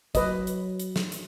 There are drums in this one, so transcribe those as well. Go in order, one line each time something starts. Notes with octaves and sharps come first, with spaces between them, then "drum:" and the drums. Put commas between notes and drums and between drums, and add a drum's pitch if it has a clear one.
F#3 B4 D#5, drum: kick, hi-hat
drum: hi-hat
drum: hi-hat
drum: snare
drum: hi-hat